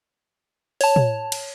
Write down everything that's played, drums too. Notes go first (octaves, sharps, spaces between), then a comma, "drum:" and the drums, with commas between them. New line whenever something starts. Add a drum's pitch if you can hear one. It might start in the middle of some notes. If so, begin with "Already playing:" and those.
C#5 A5, drum: open hi-hat
drum: tom
drum: cymbal